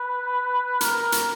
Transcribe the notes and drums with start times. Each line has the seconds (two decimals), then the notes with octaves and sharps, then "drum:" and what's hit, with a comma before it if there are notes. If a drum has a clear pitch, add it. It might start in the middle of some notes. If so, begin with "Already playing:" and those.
Already playing: B4
0.81 A#4, drum: hi-hat
1.12 drum: hi-hat